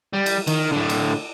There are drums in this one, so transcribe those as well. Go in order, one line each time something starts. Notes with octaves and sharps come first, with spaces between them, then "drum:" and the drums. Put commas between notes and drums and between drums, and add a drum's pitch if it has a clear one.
G3
drum: cymbal
D#3, drum: cymbal
A2 D3
drum: cymbal